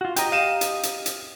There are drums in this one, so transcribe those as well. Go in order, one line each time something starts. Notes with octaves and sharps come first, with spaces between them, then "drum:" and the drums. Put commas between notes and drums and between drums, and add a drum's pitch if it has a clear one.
F4 F#4
G4 D#5 G5 A#5, drum: hi-hat
F5 D#7 E7
drum: hi-hat
drum: hi-hat
drum: hi-hat